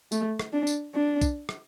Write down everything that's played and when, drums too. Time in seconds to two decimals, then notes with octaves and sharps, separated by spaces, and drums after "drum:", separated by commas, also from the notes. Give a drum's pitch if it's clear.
0.12 A3, drum: tambourine
0.39 drum: rim click
0.53 D4
0.67 drum: tambourine
0.94 D4
1.21 drum: kick, tambourine
1.49 drum: rim click